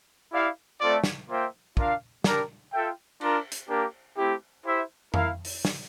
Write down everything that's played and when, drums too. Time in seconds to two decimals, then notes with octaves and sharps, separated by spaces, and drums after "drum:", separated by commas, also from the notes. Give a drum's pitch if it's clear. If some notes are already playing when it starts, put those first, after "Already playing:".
0.33 E4 G4 D5 F5
0.80 A3 C4 F4 A4 D5
1.04 drum: snare
1.29 A#3 F4 C5 E5 G5
1.77 D4 F4 A#4 F5, drum: kick
2.24 G3 D4 G4 A#4, drum: snare
2.73 F4 A4 E5 G5
3.21 D4 F4 A#4, drum: cymbal
3.52 drum: hi-hat
3.69 A#3 D4 G4 A#4
4.17 A3 C4 E4 G4
4.65 E4 G4 C5 E5
5.14 E4 A#4 F5, drum: tom F2
5.45 drum: open hi-hat
5.65 drum: snare